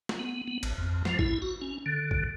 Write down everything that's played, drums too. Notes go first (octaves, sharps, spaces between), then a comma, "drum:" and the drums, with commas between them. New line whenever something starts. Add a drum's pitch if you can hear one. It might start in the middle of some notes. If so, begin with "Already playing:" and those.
drum: snare
B3
B3
A1, drum: cymbal
F2
F3, drum: snare
E4, drum: kick A1
F#4
C#4
D3
drum: kick A1